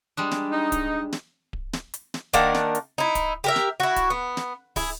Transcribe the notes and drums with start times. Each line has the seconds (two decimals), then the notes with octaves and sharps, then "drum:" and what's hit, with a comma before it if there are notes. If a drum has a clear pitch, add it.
0.17 G3 G#3 D4
0.31 drum: snare
0.52 D#4
0.72 drum: kick D1, hi-hat
1.12 drum: snare
1.53 drum: kick D1
1.73 drum: snare
1.94 drum: hi-hat
2.14 drum: snare
2.33 D#3 A#3 D4 F#5, drum: kick D1, hi-hat
2.54 drum: snare
2.75 drum: hi-hat
2.98 D#4 E4
3.15 drum: kick D1, hi-hat
3.44 G4 A#4 E5
3.56 drum: snare
3.80 E4 F#4
3.96 drum: kick D1, hi-hat
4.10 B3
4.37 drum: snare
4.76 E4 G#4, drum: kick D1, open hi-hat